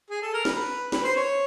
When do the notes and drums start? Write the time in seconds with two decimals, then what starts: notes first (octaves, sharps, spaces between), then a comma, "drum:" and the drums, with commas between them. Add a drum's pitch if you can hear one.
0.10 G#4
0.22 A4
0.34 A#4
0.45 B4, drum: snare
0.92 B4, drum: snare
1.04 C5
1.16 C#5